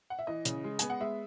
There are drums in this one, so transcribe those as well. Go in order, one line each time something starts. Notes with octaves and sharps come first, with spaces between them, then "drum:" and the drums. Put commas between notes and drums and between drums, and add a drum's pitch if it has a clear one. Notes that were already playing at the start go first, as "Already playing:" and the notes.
F#5
E5
E3 D#5
C#3, drum: hi-hat
G#3
B3 G#5, drum: hi-hat
F#5
G#3 E5